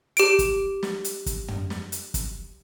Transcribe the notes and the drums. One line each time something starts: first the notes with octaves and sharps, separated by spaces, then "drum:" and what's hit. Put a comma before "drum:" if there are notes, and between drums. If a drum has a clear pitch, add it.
G4 D7, drum: hi-hat
drum: kick, hi-hat
drum: snare
drum: hi-hat
drum: kick, hi-hat
drum: tom
drum: snare
drum: hi-hat
drum: kick, hi-hat